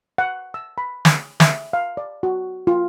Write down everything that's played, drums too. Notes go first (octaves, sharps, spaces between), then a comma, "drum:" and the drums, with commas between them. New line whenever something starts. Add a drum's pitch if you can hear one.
F#5
E6
B5
drum: snare
E5, drum: snare
F5
D5
F#4
F4